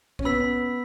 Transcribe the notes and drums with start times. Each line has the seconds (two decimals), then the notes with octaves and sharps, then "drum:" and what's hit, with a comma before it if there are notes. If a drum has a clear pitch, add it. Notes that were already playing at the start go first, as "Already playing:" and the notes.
0.19 C#4, drum: kick
0.25 B3 B5 E6 B6